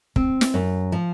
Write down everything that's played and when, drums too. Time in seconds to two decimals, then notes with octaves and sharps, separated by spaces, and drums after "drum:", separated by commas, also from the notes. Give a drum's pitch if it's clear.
0.16 C4, drum: kick
0.41 drum: snare
0.54 F#2
0.92 F3